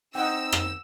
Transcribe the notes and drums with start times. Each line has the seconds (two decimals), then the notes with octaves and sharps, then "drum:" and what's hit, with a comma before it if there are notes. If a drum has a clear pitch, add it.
0.15 C4 D#4 F#5 G5 E6
0.52 drum: rim click